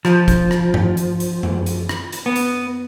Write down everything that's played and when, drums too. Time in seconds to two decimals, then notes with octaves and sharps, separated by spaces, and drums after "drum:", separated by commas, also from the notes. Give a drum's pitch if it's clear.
0.05 F3, drum: rim click
0.28 drum: kick, hi-hat
0.51 drum: rim click
0.74 drum: tom G2
0.97 drum: hi-hat
1.20 drum: hi-hat
1.43 drum: tom F#2
1.66 drum: hi-hat
1.89 drum: rim click
2.12 drum: hi-hat
2.26 B3
2.36 drum: hi-hat